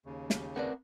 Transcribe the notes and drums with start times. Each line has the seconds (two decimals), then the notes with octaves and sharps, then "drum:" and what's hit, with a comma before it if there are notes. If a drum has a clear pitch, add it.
0.06 D#2 C#3
0.30 G4, drum: snare
0.56 A3 C4 A#4 B4 D5 F#5